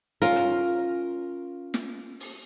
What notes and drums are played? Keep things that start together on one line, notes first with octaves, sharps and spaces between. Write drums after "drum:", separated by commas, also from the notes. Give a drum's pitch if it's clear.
C#4 F4 A#4
drum: hi-hat
drum: snare
drum: open hi-hat